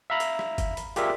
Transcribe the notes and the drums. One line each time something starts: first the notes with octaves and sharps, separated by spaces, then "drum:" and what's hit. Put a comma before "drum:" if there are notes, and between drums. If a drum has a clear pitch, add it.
E5 F5 A#5 B5
drum: hi-hat
drum: rim click
drum: kick, hi-hat
drum: hi-hat
F4 G4 G#4 A#4 D5 E5, drum: hi-hat